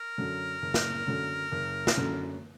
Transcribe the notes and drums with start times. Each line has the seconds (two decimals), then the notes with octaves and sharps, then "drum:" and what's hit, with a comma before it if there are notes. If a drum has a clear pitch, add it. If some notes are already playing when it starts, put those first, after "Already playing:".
Already playing: A#4
0.18 F#2 D3 F#3
0.62 F#1
0.74 drum: snare
1.07 F#2 D3 F#3
1.52 F#1
1.87 drum: snare
1.97 F#2 D3 F#3